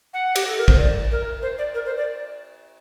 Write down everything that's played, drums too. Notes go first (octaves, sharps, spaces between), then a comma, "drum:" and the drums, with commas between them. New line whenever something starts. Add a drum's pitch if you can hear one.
F#5
G4, drum: cymbal
A4
A#4
C5, drum: kick
D5
A#4
C5
D5
A#4
C5
D5